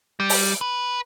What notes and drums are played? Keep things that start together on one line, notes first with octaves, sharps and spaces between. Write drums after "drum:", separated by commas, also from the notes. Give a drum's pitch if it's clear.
G3
drum: open hi-hat
B4